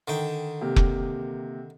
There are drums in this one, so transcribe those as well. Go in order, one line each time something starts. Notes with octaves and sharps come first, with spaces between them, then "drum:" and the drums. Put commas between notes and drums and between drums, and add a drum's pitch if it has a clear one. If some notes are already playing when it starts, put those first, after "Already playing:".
D3 D#3 G5
C3 A#3 G4
drum: kick F1